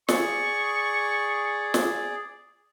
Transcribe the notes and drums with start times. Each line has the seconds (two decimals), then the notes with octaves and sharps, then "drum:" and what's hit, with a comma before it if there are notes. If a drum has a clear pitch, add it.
0.09 G#4 D5 C#6, drum: snare
1.74 drum: snare